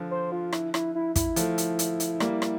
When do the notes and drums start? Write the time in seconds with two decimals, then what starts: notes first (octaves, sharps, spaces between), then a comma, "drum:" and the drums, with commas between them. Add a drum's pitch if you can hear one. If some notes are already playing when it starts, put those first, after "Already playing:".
Already playing: D3 F3
0.11 C5
0.32 F4
0.52 E4, drum: rim click
0.74 E4, drum: rim click
0.95 E4
1.16 E4, drum: kick, hi-hat
1.36 F3 A3, drum: hi-hat
1.58 drum: hi-hat
1.79 drum: hi-hat
2.00 drum: hi-hat
2.20 G3 A#3, drum: rim click
2.42 drum: rim click